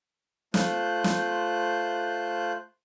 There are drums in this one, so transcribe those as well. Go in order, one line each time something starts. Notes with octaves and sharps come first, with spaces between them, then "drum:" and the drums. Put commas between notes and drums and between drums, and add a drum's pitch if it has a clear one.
A3 F4 C5 F#6 G6, drum: snare
drum: snare